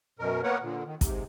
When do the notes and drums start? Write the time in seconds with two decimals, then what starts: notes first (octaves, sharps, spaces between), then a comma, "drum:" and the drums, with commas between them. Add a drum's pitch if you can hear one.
0.19 F#2 B2 A#4
0.43 A#3 B3 A#4 B4 C#5 F#5
0.62 A#2 D3
0.86 D#3
1.01 G#2 C3, drum: kick, hi-hat